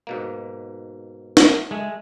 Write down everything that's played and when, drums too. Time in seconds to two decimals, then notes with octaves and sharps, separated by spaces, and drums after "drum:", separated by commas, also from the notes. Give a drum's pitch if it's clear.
0.07 G#2 B2 A#3
1.37 drum: snare
1.71 G#3 A3 E5